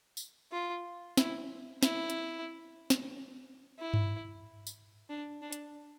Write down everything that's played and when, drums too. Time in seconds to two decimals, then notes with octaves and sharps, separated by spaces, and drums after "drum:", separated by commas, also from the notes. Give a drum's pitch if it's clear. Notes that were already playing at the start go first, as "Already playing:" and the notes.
0.17 drum: tambourine
0.52 F4
1.17 E4, drum: snare
1.83 E4, drum: snare
2.10 drum: hi-hat
2.90 drum: snare
3.79 E4
3.94 drum: tom G2
4.67 drum: tambourine
5.10 D4
5.42 D4
5.53 drum: hi-hat